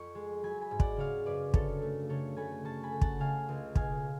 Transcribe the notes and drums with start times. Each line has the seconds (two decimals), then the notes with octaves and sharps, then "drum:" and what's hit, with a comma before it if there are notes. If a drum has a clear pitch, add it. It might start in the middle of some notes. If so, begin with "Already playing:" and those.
Already playing: F2 F3 B5 C#6
0.15 G#3
0.43 F#3 G#5 B5
0.61 G#5 B5
0.71 G#2
0.80 D5 F#5, drum: kick
0.96 C#3 C#5 F5
1.26 F#2 B4 D5
1.54 D3 A4 C#5, drum: kick
1.82 A3
2.09 C#3 A4 C#5
2.36 A3 G#5 B5
2.65 C#3 A5 C#6
2.83 G#5 B5
2.92 A3
3.01 F#5 A5, drum: kick
3.20 C#3 F5 G#5
3.49 C#2
3.75 B2 F5 G#5, drum: kick